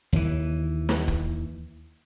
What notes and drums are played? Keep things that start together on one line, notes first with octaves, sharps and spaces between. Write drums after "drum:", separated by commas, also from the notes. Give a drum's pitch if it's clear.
D#2 E3
drum: snare
drum: kick